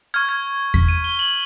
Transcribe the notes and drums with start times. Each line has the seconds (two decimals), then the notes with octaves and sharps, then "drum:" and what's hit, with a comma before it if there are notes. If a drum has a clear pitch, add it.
0.14 C#6 F6 G#6
0.29 G#6
0.74 B6, drum: kick E2
0.89 D#7
1.04 G7
1.19 F#7